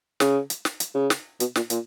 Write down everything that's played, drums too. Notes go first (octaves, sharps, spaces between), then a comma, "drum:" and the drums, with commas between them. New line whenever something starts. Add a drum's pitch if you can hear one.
C#3, drum: snare
drum: hi-hat
drum: snare
drum: hi-hat
C#3
drum: snare
B2, drum: hi-hat
A#2, drum: snare
A#2, drum: hi-hat